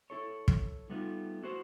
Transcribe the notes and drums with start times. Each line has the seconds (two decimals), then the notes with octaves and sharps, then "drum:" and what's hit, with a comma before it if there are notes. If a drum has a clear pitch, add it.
0.10 E4 A4 C#5
0.48 drum: kick
0.90 G3 A3 B3 D#4 F4
1.42 E4 F#4 C5